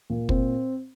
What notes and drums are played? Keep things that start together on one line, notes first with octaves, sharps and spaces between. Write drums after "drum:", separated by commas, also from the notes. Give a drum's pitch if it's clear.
A#2
C4, drum: kick